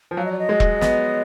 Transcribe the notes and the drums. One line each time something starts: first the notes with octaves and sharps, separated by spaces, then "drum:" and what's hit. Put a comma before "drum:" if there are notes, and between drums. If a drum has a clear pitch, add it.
F3
F#3 F5
D#5
D5
D#5
G#3
drum: kick E1
B3, drum: snare